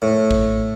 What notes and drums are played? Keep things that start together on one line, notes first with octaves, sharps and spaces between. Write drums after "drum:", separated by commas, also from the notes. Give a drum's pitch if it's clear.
A2
drum: kick